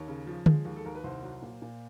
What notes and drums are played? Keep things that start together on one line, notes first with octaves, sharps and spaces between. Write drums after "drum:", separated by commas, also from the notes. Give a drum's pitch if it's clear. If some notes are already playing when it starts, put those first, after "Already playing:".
Already playing: D#2 C#5
C#3
F3
G#3, drum: tom D3
D#2
A4
D#2 A#4
B4
C2 C5
F#3
A#2
A#2